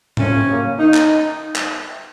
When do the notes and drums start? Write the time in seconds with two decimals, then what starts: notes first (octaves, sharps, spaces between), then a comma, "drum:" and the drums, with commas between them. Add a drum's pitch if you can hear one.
0.17 A#2 A3 C4 C#4, drum: tom G#2
0.48 C#3 F#3 A#3
0.78 D#3 A#3 D#4
0.94 drum: clap
1.56 drum: clap